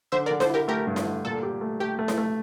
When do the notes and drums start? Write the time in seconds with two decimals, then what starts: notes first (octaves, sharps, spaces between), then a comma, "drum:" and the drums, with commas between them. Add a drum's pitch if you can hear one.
0.12 D3 C5 E5
0.26 A#4 D5
0.31 D3
0.40 A4 C5, drum: snare E4
0.50 E4 G4 A#4
0.68 A3 G4 A#4
0.87 G2
0.96 drum: snare E4
1.05 D3
1.25 A#2 A4
1.43 G4
1.61 A3
1.80 A3 G4
1.99 A3
2.08 drum: snare E4
2.18 A3